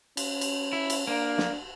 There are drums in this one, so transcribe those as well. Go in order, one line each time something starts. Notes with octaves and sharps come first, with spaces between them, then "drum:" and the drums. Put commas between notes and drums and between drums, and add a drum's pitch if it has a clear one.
C#4, drum: cymbal
drum: cymbal
E4
drum: cymbal
A#3 D4
drum: snare